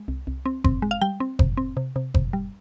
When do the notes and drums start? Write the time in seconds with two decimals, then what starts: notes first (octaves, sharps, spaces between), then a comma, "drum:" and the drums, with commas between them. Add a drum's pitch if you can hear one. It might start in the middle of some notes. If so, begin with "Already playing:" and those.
Already playing: G#3
0.08 C2
0.27 C2
0.46 C4
0.64 C4, drum: kick F#1
0.82 G#3
0.91 F5
1.01 G3 G5
1.20 C4
1.39 C3, drum: kick F#1
1.57 C4
1.77 C3
1.96 C3
2.14 C3, drum: kick F#1
2.33 G3